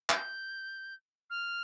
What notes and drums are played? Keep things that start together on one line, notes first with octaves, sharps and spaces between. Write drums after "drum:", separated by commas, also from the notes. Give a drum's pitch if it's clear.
G6, drum: clap
F6